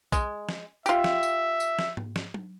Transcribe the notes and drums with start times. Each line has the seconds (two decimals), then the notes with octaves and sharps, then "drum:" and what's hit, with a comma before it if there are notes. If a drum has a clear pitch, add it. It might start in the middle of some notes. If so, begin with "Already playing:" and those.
0.12 G#3, drum: kick B1, tambourine
0.49 drum: snare
0.86 F4 G4 E5, drum: tambourine
1.04 drum: snare
1.23 drum: tambourine
1.60 drum: tambourine
1.79 drum: snare
1.97 drum: tom G#2
2.16 drum: snare
2.34 drum: tom F#3